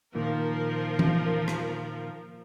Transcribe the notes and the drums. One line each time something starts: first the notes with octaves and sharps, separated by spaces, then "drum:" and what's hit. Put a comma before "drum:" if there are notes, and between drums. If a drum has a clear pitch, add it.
A#2 D#3 F3 A#3 A#4
drum: tom E3
drum: rim click